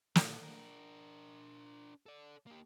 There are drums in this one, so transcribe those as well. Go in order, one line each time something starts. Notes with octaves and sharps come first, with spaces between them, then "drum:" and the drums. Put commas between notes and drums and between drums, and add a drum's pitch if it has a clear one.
A#2, drum: snare
D4 A#4
A4 D5
A#3 G4